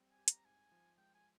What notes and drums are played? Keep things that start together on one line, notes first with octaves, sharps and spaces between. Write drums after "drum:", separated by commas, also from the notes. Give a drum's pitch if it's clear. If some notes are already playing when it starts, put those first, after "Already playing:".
Already playing: G3 C4
G#5
G4
A#5, drum: hi-hat
G#2 G#5
F3
G#3 G5
G#5